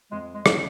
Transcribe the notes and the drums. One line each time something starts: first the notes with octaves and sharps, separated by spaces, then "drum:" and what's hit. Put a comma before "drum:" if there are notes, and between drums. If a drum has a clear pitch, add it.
F2 G#3
G#3
C#3 E3 A3 C#4, drum: rim click